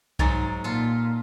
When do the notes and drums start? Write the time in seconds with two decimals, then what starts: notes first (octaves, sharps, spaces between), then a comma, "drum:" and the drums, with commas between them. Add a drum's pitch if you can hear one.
0.19 G#2 F#3 G#5 A#5 A6, drum: kick B1
0.64 A#2 F4 A4